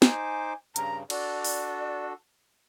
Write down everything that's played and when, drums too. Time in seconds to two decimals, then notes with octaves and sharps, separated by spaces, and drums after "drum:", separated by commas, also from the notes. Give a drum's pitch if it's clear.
0.02 D#4 C5 G#5 D6, drum: snare
0.76 G2 C#3 A#5, drum: hi-hat
1.10 D4 F#4 A4 D5, drum: cymbal
1.44 drum: open hi-hat